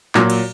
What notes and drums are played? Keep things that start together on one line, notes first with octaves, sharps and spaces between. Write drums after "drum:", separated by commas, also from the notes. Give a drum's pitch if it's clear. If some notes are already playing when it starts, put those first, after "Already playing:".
A#2 F#3, drum: clap
drum: cymbal